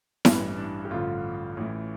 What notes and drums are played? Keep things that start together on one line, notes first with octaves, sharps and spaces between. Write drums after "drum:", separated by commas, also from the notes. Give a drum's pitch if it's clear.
A1 G2 E3 G3, drum: snare E4
D4
G4
A1 G2 D3 F3 F4
A1 A2 E3